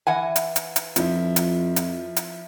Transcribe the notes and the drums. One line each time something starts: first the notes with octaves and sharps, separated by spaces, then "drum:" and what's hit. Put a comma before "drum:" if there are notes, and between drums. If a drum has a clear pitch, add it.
E3 F#5 G#5
drum: hi-hat
drum: hi-hat
drum: hi-hat
F2 F3 E4, drum: hi-hat
drum: hi-hat
drum: hi-hat
drum: hi-hat